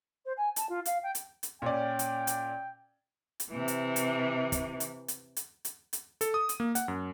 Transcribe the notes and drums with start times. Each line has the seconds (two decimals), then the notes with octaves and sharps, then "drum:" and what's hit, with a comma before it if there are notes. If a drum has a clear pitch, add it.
0.25 C5
0.37 G#5
0.56 A5, drum: hi-hat
0.69 F4
0.85 F5, drum: hi-hat
1.03 G5
1.15 drum: hi-hat
1.43 drum: hi-hat
1.62 A#2 C#4 D5 G5
1.99 drum: hi-hat
2.27 drum: hi-hat
3.40 drum: hi-hat
3.51 C3 E3
3.68 drum: hi-hat
3.96 drum: hi-hat
4.52 drum: kick, hi-hat
4.80 drum: hi-hat
5.08 drum: hi-hat
5.36 drum: hi-hat
5.65 drum: hi-hat
5.93 drum: hi-hat
6.21 A4, drum: hi-hat
6.34 D#6
6.49 drum: hi-hat
6.60 A#3
6.75 F#5, drum: hi-hat
6.88 F#2